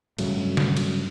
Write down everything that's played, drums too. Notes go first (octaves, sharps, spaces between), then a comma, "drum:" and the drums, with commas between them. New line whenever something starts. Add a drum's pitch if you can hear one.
G2 C#3 F#3 A3, drum: cymbal
drum: snare
drum: cymbal